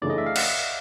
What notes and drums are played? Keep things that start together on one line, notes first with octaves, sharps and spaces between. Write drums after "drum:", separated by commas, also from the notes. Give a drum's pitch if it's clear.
F#2 C#3 E3 A3 D4 D5
D#5
E5
F5
F#5, drum: cymbal